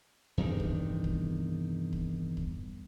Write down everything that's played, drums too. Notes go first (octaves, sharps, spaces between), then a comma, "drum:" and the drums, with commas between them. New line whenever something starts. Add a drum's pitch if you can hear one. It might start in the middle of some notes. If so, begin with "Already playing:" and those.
E2 G2 C3 D#3
drum: kick
drum: kick
drum: kick
drum: kick